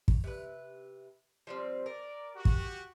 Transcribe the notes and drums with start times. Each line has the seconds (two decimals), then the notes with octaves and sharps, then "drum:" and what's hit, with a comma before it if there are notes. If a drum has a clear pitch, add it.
0.08 drum: kick
0.24 C3 B4
1.47 F3 G3 C4
1.86 A#4 D5
2.36 F#4 G4
2.45 drum: kick